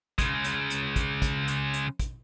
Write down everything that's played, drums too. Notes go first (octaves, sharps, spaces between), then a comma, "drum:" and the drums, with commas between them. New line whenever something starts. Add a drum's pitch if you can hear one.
C#3 G#3, drum: kick, hi-hat
drum: hi-hat
drum: hi-hat
drum: kick, hi-hat
drum: kick, hi-hat
drum: hi-hat
drum: hi-hat
drum: kick, hi-hat